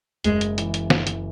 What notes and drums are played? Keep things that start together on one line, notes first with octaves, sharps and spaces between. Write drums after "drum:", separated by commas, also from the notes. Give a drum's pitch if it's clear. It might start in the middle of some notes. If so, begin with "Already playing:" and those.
F#1 G#3, drum: hi-hat
drum: hi-hat
E3, drum: hi-hat
drum: hi-hat
drum: snare
drum: hi-hat